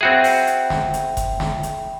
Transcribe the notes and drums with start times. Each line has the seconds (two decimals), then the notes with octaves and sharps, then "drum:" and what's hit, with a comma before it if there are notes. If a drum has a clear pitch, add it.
0.01 C4 F#4 G#4 E5 G5 B5
0.24 drum: open hi-hat
0.47 drum: hi-hat
0.70 drum: snare
0.94 drum: hi-hat
1.17 drum: kick F#1, hi-hat
1.40 drum: snare
1.63 drum: hi-hat